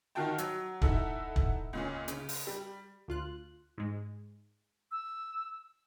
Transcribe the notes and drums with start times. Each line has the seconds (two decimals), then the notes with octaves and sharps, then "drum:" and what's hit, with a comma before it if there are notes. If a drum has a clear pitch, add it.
0.15 D#3 F4 F#4 F#5 G5 A5
0.38 F#3, drum: hi-hat
0.82 D#4 E4 A4 E5 F#5, drum: kick
1.36 drum: kick
1.73 C#2 A#2 C#4
2.08 C#3, drum: hi-hat
2.29 drum: open hi-hat
2.47 G3
3.08 D2 F4 F#6
3.78 G#2 G#3
4.91 E6